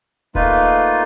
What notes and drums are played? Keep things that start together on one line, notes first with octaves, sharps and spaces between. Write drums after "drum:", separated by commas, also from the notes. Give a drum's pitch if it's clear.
A3 A#3 D#4 F4 B4, drum: kick D#1